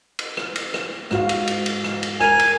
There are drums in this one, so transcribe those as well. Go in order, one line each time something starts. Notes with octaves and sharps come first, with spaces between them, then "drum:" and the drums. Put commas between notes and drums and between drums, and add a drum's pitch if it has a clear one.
drum: cymbal
drum: rim click
drum: cymbal
drum: rim click
G#2 F#4 F5, drum: rim click
drum: cymbal
drum: cymbal
drum: cymbal
drum: rim click
drum: cymbal
A#4 G#5 F7, drum: rim click
drum: cymbal